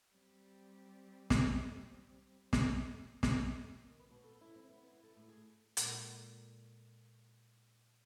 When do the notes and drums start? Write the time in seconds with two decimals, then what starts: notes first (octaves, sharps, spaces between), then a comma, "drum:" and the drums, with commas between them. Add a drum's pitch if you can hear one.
0.12 G3 C4
1.30 drum: snare
2.53 drum: snare
3.23 drum: snare
3.85 D#3
3.99 B4
4.11 B2
4.24 A4
4.41 E4
4.56 C4
4.69 B3
4.87 E4
5.04 A4
5.16 A2
5.28 G#4
5.77 A#2 G#3 A4 A#4 D5, drum: hi-hat